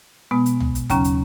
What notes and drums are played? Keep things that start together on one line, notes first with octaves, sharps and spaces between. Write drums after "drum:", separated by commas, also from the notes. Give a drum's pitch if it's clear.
B2 G#3 B3
drum: hi-hat
drum: tom
drum: hi-hat
D#2 C#3 F#3 C#4 A#5, drum: kick, hi-hat
drum: hi-hat